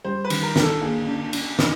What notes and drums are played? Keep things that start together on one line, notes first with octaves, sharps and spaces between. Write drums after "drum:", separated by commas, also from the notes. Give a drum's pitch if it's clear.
G3 C5
B4
D#3, drum: cymbal
A#4
D4, drum: snare
A4
A#3 G#4
D4
D4, drum: cymbal
D#4 A#4, drum: snare